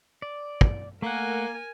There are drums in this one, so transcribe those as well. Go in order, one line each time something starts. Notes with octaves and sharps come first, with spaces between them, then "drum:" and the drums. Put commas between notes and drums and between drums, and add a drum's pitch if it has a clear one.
D5
drum: kick
A3 A#3 A#4 F#5 G#5